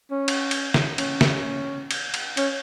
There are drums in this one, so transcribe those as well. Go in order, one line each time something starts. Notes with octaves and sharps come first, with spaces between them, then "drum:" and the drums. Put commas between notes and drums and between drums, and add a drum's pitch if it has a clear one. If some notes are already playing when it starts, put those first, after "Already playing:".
C#4
drum: cymbal
drum: cymbal
drum: snare
C#4, drum: cymbal
drum: snare
drum: cymbal
drum: cymbal
C#4, drum: cymbal